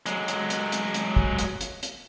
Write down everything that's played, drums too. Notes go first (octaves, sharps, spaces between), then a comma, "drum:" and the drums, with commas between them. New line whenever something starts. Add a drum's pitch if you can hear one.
F#3 G#3, drum: hi-hat
drum: hi-hat
drum: hi-hat
drum: hi-hat
drum: hi-hat
drum: kick
drum: hi-hat
drum: hi-hat
drum: hi-hat